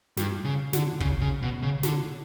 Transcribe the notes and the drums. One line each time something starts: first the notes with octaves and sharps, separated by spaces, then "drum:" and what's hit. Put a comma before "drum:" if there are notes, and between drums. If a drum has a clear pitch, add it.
G2, drum: snare
C#3
D3, drum: snare
C#3, drum: kick
C#3
B2
C#3
D3, drum: snare